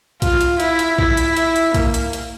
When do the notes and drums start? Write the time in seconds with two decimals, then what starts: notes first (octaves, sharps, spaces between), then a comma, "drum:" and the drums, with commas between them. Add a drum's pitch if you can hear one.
0.22 F4, drum: kick A#1, hi-hat
0.41 drum: hi-hat
0.60 E4, drum: hi-hat
0.79 drum: hi-hat
0.98 E4, drum: kick A#1
1.17 drum: hi-hat
1.36 drum: hi-hat
1.56 drum: hi-hat
1.74 A#3, drum: kick A#1, hi-hat
1.94 drum: hi-hat
2.13 drum: hi-hat